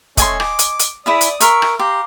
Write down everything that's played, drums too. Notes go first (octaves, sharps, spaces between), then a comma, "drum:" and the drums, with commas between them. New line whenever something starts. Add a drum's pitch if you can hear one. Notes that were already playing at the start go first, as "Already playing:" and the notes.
A3 C#4 D#5 G#5 C6, drum: kick, hi-hat
D6, drum: rim click
drum: hi-hat
drum: hi-hat
E4 G#4 D5 E5 D#6
drum: hi-hat
A#4 E5 C#6, drum: hi-hat
drum: rim click
G4 F5 A#5 C6